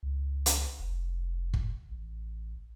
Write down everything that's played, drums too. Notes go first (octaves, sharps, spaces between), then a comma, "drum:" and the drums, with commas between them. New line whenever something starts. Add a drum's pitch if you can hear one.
C#2
drum: hi-hat
F1
drum: kick
A1